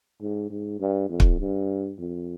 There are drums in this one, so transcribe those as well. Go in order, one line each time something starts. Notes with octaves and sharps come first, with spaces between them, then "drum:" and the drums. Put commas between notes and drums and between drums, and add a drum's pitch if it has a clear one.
G#2
G#2
G2
F2
drum: kick
G2
F2